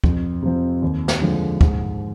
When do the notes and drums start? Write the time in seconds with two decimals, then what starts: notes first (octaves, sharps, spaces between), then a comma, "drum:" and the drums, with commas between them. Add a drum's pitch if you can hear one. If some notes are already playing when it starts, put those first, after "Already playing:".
0.04 F2, drum: kick
0.42 C3 F3 C4
0.82 D#2
1.08 drum: snare
1.21 D3 F3 G#3
1.61 G#2, drum: kick